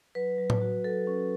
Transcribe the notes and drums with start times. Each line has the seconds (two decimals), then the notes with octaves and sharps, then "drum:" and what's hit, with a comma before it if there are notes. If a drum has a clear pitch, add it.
0.15 F#3 B4
0.38 F#3
0.50 drum: tom A2
0.61 F#4
0.84 F#3 A4
1.07 C#4